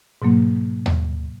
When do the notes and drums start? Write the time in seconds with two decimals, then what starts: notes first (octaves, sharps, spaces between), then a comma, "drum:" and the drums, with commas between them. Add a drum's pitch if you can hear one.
0.22 G#2 B2 F#3 A#3
0.86 drum: tom D#2